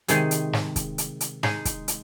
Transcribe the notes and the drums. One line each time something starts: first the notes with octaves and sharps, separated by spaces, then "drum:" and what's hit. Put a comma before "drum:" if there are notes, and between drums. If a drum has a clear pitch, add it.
C3 D#3 G#3 D#4 G#4, drum: hi-hat
drum: hi-hat
drum: snare
drum: kick, hi-hat
drum: hi-hat
drum: hi-hat
G#3 D#4 G#4, drum: snare
drum: kick, hi-hat
drum: hi-hat